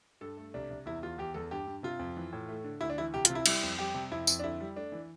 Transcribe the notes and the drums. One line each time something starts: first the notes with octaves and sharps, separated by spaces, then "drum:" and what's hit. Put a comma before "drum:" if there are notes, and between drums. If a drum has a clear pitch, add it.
G2 A4
A3
C2 D4
C2
E2 E4
E2 F4
E2 G4
E2 A4
G2 G4
G2
C3 F4
F2
E3
A2
A3
D3
D2 E4
D4
E3 E4
C2 G4
F4, drum: hi-hat
C3
E4
G3 E4, drum: cymbal
F2
G3 G4
C3
F2 E4
F2, drum: tambourine
D4
D3 E4
G3
A3 D4
E3